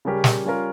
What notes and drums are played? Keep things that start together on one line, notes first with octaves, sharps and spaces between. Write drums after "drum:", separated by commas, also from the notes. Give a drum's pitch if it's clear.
C#3 G3 C#4 G4 A#4
drum: snare
G3 C#4 F4 A#4